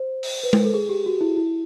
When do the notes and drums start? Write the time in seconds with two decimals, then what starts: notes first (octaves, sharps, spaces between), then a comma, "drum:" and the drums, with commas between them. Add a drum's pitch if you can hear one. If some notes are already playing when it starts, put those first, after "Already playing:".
Already playing: C5
0.23 drum: open hi-hat
0.44 B4
0.53 A#4, drum: tom G#3
0.64 A4
0.74 G#4
0.89 G4
1.06 F#4
1.21 E4
1.37 E4